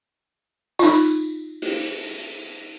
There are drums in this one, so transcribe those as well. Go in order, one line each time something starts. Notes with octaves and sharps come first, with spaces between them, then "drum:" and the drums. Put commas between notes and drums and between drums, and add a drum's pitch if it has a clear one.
D#4 F4, drum: tambourine
drum: open hi-hat